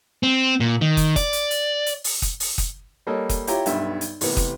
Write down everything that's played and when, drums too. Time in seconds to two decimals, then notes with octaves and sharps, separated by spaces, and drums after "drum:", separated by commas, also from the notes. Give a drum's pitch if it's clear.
0.23 C4
0.60 A#2
0.81 D#3
0.97 drum: kick, hi-hat
1.16 D5, drum: kick, hi-hat
1.33 drum: hi-hat
1.51 drum: hi-hat
1.86 drum: hi-hat
2.04 drum: open hi-hat
2.22 drum: kick, hi-hat
2.40 drum: open hi-hat
2.58 drum: kick, hi-hat
3.07 G3 A#3 A4 A#4 C#5 D#5
3.29 drum: kick, hi-hat
3.47 E4 F4 G4 C#5 G5 A#5, drum: hi-hat
3.66 B1 G2 E5, drum: hi-hat
4.01 drum: hi-hat
4.21 A1 C3 B3, drum: open hi-hat
4.37 drum: kick, hi-hat